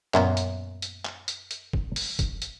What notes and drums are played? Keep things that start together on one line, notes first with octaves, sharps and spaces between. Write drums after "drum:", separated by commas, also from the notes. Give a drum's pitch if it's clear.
F#2 A#2 A#3 B3, drum: clap
drum: hi-hat
drum: hi-hat
drum: clap
drum: hi-hat
drum: hi-hat
drum: kick
drum: open hi-hat
drum: kick, hi-hat
drum: hi-hat